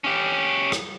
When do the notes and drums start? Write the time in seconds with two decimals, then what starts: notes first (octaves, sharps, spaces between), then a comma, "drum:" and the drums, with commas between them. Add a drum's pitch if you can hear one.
0.04 C#4 G4
0.72 drum: rim click